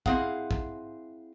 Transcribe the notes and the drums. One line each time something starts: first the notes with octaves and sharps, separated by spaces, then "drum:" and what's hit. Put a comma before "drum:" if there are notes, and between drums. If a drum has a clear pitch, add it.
C4 E4 G#4 F5 F#5, drum: kick
drum: kick